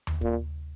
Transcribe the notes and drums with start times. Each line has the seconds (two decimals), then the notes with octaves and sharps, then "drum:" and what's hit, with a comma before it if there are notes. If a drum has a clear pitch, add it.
0.07 drum: tom D#2
0.21 A#2, drum: kick